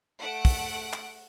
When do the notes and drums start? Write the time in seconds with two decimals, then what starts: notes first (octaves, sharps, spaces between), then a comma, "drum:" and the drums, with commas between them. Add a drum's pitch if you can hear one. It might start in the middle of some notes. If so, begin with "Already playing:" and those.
0.21 A3 F#5 D7
0.45 drum: kick, open hi-hat
0.93 drum: clap